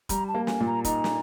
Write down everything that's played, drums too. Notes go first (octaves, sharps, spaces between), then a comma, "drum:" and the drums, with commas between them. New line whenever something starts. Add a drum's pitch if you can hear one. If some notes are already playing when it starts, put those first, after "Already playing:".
G3 A#5, drum: kick, hi-hat
A5
A#3
G#5, drum: snare
A#2
A#5
D#4 A#5, drum: kick, hi-hat
drum: snare